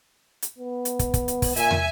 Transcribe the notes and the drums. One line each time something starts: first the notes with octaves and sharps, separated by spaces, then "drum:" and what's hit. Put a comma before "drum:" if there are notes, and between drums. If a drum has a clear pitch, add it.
drum: hi-hat
B3
drum: hi-hat
drum: kick, hi-hat
drum: kick, hi-hat
drum: hi-hat
drum: kick, open hi-hat
A#2 E5 G#5, drum: hi-hat
drum: tom